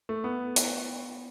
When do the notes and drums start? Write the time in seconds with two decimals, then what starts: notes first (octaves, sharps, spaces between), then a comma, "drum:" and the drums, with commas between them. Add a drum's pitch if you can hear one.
0.09 A3
0.24 B3
0.56 drum: hi-hat